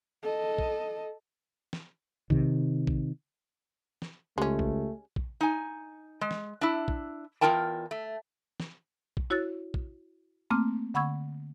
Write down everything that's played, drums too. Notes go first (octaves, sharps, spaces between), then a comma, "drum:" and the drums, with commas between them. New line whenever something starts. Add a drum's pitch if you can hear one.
A4 D#5
drum: kick
drum: snare
C3 D#3, drum: kick
drum: kick
drum: snare
C#2 G#3 A3 C#4 G4
drum: kick
drum: kick
D#4 G#5
G#3
drum: snare
D4 E4
drum: kick
E2 C4 F4 A#4 G5 A5
A3
drum: snare
drum: kick
E4 F#4 C#5 E6 F#6 A6
drum: kick
A3 A#3 C4 D6 F6
D3 F#5 B5 C#6 E6 G#6